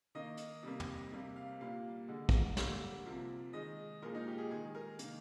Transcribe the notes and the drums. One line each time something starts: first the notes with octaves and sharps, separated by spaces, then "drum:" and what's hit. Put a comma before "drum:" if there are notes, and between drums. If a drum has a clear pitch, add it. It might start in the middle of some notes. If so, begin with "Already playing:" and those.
D#3 A#3 D#5
drum: hi-hat
C3 G3 A#3
drum: tom
C3 G3 A#3
F5
A#2 G3 A#3 F5
D3 G#3
drum: kick
D3 G3 A#3, drum: snare
C3 F3 A#3
D#3 G#3 D#5
A#2 F3 G#3 A#4
D#4
G4
G#4
D#3 G#3 G#4
A#4
D#3 A#3, drum: hi-hat